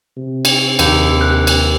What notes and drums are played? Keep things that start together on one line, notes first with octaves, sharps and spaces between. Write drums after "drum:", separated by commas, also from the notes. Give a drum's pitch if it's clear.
C3
drum: cymbal
D#2, drum: cymbal
F#6
drum: cymbal